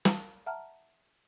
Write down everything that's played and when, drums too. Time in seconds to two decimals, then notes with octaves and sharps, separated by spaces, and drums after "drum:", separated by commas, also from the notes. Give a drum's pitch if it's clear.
0.05 F5 A5, drum: snare
0.46 E5 F#5 A5 A#5 F6